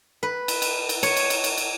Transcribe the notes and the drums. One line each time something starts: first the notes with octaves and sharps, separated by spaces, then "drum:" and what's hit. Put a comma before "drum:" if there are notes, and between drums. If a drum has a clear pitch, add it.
B4
drum: cymbal
drum: cymbal
drum: cymbal
C#5, drum: cymbal
drum: cymbal
drum: cymbal
drum: cymbal
drum: cymbal